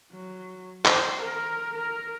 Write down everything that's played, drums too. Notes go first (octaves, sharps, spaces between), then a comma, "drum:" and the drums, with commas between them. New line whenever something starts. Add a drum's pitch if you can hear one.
F#3
C5, drum: clap
A#4
A#4